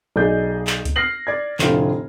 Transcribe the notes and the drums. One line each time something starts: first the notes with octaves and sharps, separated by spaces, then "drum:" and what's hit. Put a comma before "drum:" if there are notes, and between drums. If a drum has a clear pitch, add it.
B1 G#4 D5 D#5 G6
drum: clap
drum: kick, hi-hat
F6 A#6 C7 F#7
D5 G#6
F1 A2 D3 A3 F4, drum: clap